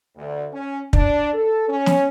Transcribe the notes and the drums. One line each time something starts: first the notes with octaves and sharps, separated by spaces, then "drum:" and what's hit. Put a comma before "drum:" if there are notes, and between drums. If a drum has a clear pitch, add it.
D2
C#4
D4, drum: kick
A4
C#4
drum: snare